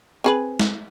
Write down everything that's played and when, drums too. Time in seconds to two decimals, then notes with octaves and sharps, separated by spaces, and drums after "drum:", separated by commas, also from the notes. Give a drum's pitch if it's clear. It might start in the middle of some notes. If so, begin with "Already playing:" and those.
0.24 C4 G#4 B4
0.60 drum: snare